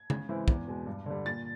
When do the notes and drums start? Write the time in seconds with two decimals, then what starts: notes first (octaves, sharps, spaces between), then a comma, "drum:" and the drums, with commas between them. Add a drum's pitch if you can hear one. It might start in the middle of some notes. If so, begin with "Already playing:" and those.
Already playing: G#6
0.10 C#3, drum: tom C#3
0.29 E3 G#3 C4 E4
0.48 E2, drum: kick
0.68 B2 G#3
0.87 G2
1.06 D3 G3
1.25 A#2 A6